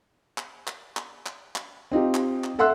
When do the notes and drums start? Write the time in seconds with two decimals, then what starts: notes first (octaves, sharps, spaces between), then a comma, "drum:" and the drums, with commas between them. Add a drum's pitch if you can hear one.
0.38 drum: clap
0.67 drum: clap
0.97 drum: clap
1.26 drum: clap
1.56 drum: clap
1.92 C4 D#4 F4 G4
2.14 drum: clap
2.44 drum: clap
2.59 A4 E5 F#5 C6 E6 F#6